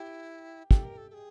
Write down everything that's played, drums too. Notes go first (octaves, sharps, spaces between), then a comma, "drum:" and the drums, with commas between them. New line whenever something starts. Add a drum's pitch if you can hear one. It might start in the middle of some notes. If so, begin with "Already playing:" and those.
Already playing: E4 G4 G5
G4 A4 G5, drum: kick
A#4
A4
A4
G#4